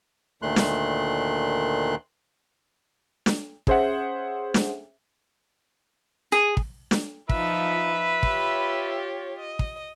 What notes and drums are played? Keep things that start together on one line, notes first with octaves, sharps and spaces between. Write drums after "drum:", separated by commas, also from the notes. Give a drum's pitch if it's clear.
D2 A#2 D#3 A3 C6 F#6
drum: snare
drum: snare
C#4 G#4 C5 E5 F#5, drum: kick
drum: snare
G#4
drum: kick
drum: snare
F3 D#4 F4 B4 E5, drum: kick
F4 G4 C#5, drum: kick
D#5
drum: kick